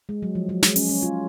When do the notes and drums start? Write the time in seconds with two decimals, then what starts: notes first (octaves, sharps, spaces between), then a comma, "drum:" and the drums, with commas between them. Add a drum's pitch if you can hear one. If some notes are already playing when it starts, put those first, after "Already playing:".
0.09 G#3
0.22 F#3
0.35 F3
0.49 F#3
0.63 G#3, drum: snare
0.76 C#4, drum: open hi-hat
0.89 C#4
1.03 F4